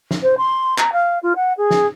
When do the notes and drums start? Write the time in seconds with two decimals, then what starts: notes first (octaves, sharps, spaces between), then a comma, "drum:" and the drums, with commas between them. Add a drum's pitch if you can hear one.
0.11 drum: snare
0.22 C5
0.38 C6
0.78 A#5, drum: clap
0.93 F5
1.23 F4
1.36 F#5
1.58 G#4
1.71 drum: snare